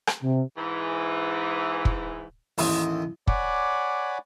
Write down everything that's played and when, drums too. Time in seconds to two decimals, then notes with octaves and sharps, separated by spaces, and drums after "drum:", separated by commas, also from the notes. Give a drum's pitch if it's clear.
0.07 drum: rim click
0.22 C3
0.57 G#2 E3
1.85 drum: kick
2.58 A1 D#2 D#5 C6, drum: open hi-hat
3.27 C#5 D5 F#5 G#5 B5 D6, drum: kick